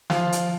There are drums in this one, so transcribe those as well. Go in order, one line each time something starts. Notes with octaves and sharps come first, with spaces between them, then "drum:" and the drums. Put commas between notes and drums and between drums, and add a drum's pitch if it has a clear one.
F3 F4, drum: snare
drum: hi-hat